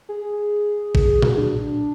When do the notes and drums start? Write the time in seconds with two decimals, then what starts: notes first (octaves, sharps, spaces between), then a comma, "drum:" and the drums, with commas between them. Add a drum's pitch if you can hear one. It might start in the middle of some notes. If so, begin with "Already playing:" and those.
0.09 G#4
0.95 drum: kick
1.22 F#4, drum: tom A#2
1.37 D4